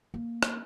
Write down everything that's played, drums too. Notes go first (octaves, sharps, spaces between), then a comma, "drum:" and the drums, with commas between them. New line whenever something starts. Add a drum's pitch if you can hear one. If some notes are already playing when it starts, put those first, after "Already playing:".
A#3
drum: rim click